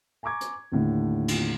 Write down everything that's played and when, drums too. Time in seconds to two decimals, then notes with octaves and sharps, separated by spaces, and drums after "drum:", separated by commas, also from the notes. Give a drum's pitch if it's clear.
0.23 G#5 A#5 C#6 D6 G#6
0.41 drum: hi-hat
0.72 D#2 A2 D3
1.28 drum: cymbal